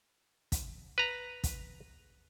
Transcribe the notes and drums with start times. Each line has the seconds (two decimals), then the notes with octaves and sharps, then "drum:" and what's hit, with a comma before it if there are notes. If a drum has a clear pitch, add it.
0.52 drum: kick, hi-hat
0.98 B4 A#5
1.44 drum: kick, hi-hat